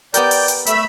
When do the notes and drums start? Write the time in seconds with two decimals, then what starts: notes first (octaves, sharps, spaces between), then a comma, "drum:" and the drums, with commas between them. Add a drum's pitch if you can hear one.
0.14 B3 G4 A#4 D5 G5 G6, drum: hi-hat
0.31 drum: open hi-hat
0.48 drum: hi-hat
0.66 A3 E5 B5 E6, drum: hi-hat